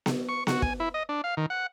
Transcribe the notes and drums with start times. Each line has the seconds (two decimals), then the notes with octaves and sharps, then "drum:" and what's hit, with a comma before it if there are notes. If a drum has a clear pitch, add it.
0.06 drum: snare B3
0.29 C#6
0.47 F#4, drum: snare B3
0.62 G#5, drum: kick
0.80 E4
0.94 D#5
1.09 D4
1.24 F5
1.37 D#3
1.50 F#5